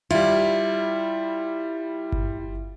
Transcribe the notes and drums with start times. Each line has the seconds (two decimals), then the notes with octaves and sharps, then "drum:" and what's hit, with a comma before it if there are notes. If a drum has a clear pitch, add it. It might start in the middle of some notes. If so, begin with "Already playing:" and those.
0.11 G3 E4 F4
2.12 drum: kick G1